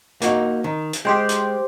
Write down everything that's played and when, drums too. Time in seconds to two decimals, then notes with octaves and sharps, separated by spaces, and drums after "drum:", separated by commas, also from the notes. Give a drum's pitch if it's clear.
0.22 A#3 D#4 F#4, drum: hi-hat
0.64 D#3
0.93 drum: hi-hat
1.05 G#3 G4 C5 G5
1.29 drum: hi-hat